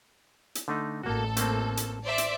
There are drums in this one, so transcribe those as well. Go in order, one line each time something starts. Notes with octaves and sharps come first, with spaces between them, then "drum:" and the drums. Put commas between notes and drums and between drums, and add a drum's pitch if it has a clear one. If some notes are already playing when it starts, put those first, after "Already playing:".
drum: hi-hat
D3 A3 D#4
A1 A#3 F#4 A4
A3 A#3 C4, drum: hi-hat
drum: hi-hat
C5 D5 E5
drum: hi-hat